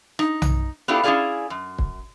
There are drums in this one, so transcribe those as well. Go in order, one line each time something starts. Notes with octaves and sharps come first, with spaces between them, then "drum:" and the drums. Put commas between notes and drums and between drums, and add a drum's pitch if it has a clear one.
D#4, drum: rim click
drum: tom B1
B3 D4 E4 F4 G4 A4
C#4 E4 F#4 G#4 D5 F5
F#2
drum: kick